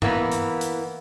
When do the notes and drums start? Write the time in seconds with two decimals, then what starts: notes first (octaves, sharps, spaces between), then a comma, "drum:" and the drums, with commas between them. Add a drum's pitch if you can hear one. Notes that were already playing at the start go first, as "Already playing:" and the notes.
0.02 E3 A#3 B3, drum: tom G2
0.32 drum: hi-hat
0.61 drum: hi-hat